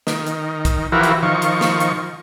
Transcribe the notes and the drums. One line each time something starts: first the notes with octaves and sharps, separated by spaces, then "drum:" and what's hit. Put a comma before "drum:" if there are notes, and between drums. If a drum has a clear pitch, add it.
D#3, drum: snare
drum: hi-hat
drum: kick, hi-hat
E3 F3 E4 F#4 G4 A#4
drum: hi-hat
D#3 F3 C#6
drum: hi-hat
drum: snare
drum: hi-hat